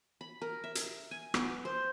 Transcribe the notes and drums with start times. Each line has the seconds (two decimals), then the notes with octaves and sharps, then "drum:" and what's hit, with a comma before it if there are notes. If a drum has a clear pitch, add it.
0.21 B5
0.42 A#4
0.64 E5
0.75 drum: hi-hat
1.11 G#5
1.34 B3, drum: rim click
1.65 C5